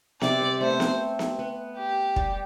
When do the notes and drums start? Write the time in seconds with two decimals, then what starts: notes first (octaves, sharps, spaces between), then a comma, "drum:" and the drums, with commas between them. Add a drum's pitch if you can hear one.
0.21 C3 D5, drum: snare B3
0.41 G3
0.61 A3 C5
0.70 B3
0.80 C4, drum: snare B3
1.19 drum: snare B3
1.39 B3
1.78 G4
2.16 G3, drum: kick